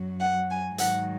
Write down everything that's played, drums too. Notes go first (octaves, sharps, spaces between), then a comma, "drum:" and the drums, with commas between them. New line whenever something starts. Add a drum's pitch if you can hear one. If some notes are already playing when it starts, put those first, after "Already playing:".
Already playing: F#2 F#3
F#5
G#5
G#2 D#3 F#3 F#5, drum: hi-hat